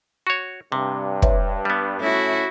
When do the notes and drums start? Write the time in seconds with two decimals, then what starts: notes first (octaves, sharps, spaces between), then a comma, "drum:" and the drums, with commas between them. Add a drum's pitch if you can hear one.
0.27 F#4 C#5 C#6
0.72 G2 C3
1.22 B4 C#5 E5, drum: kick
1.65 G3 B3
2.01 A3 C#4 E4 F#4